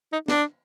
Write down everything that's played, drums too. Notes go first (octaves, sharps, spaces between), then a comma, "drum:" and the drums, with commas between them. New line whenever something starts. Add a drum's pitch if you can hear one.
D#4
D4, drum: snare